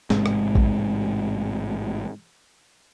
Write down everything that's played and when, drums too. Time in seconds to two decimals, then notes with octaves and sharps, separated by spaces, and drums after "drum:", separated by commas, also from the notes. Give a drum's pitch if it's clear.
0.10 A1 G#2 C3 G#3, drum: snare
0.26 drum: rim click
0.55 drum: kick